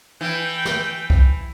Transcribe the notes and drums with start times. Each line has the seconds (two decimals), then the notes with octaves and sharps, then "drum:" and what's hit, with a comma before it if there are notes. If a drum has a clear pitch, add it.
0.21 E3 G5
0.65 drum: snare
1.10 drum: kick B1